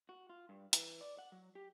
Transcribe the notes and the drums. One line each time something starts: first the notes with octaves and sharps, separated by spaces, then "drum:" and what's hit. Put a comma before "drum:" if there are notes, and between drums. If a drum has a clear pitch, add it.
F#4
F4
G2
E3, drum: hi-hat
D5
F#5
F#3
G4